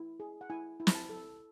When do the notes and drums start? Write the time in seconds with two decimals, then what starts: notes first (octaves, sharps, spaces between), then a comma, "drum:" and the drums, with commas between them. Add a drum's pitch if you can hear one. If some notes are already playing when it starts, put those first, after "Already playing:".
Already playing: E4
0.20 G#4
0.41 F#5
0.50 E4 G#5
0.80 E4
0.87 B5, drum: snare
0.95 A5
1.10 A4